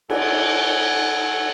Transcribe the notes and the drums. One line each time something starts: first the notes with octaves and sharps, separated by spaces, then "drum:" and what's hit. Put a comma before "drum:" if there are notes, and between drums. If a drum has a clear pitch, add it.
A4 F#5 G#5, drum: cymbal